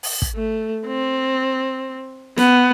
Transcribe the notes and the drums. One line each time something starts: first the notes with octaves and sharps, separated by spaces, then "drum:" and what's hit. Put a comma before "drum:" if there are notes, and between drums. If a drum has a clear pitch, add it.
drum: open hi-hat
drum: kick
A3
C4
B3, drum: snare